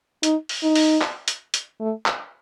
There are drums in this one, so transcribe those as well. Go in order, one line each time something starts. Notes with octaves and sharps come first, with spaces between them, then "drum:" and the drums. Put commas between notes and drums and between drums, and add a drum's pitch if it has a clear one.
D#4, drum: hi-hat
drum: open hi-hat
D#4
drum: open hi-hat
drum: clap
drum: hi-hat
drum: hi-hat
A3
drum: clap